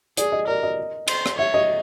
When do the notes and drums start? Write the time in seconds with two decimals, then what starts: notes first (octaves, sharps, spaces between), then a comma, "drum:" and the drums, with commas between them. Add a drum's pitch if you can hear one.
0.17 G#4 D5, drum: hi-hat
0.32 D#5
0.47 A#4 D5
0.63 D#5
1.08 C5, drum: cymbal
1.26 drum: rim click
1.38 C#5 E5
1.54 D#5